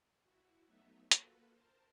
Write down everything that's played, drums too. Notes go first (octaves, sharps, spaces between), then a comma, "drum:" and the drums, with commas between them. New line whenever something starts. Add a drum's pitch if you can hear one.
E4 F#4
F#3 A3 B3 D#4 E5
A#3 F4 F#4 A4 B4, drum: hi-hat
A#4 C5 A5